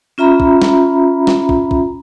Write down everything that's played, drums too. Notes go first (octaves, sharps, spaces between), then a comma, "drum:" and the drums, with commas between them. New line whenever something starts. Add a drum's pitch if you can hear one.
C#4 F4 E5 A#5 B5
drum: kick
drum: snare
drum: snare
drum: kick
drum: kick